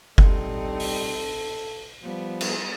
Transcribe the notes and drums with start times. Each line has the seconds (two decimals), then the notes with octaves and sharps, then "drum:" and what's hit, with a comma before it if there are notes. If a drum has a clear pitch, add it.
0.18 G3 C4 D#4 A4, drum: kick F#1
0.80 drum: open hi-hat
2.03 F3 G3 B3
2.41 drum: cymbal